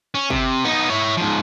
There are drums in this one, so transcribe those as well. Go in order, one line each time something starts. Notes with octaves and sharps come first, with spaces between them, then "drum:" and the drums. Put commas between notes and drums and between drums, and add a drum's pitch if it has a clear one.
C#4
C3, drum: kick
B3 D#4
E4 C#5
G#2 F3